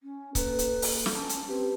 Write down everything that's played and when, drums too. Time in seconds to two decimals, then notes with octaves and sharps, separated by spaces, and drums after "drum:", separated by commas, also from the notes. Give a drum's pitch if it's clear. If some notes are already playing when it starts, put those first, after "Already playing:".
0.03 C#4
0.35 A#3 A4 B4, drum: kick C#1, hi-hat
0.59 drum: hi-hat
0.82 drum: open hi-hat
1.06 drum: snare
1.15 C#4 A5
1.29 drum: hi-hat
1.48 C4 G4 B4